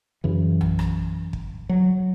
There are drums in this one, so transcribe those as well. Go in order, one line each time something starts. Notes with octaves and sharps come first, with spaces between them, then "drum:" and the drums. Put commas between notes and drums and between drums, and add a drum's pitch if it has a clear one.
F#2 C#3 E3
drum: tom A#1
drum: rim click
drum: kick
F#3